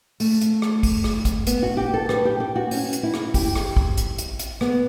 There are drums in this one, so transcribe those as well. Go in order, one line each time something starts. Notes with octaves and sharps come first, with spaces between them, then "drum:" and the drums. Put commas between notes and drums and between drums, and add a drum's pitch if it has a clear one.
A3, drum: open hi-hat
drum: hi-hat
drum: rim click
drum: kick, open hi-hat
drum: rim click
drum: kick, hi-hat
B3, drum: hi-hat
F#4
G4
A4
B4, drum: rim click
G4
G4
F#4
C#4, drum: open hi-hat
drum: hi-hat
E4
drum: rim click
G4, drum: kick, open hi-hat
drum: rim click
drum: kick
drum: hi-hat
drum: hi-hat
drum: hi-hat
B3, drum: rim click